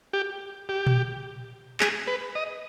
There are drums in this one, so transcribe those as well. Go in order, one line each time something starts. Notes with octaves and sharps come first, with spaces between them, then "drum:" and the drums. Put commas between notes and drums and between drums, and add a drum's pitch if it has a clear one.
G4
G4
drum: tom A#2
G#4, drum: clap
B4
D#5